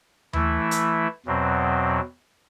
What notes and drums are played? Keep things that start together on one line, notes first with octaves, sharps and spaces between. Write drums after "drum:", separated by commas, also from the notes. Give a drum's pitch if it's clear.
E3 A3 E4, drum: tom D#2
drum: hi-hat
E2 B2 F#3 C4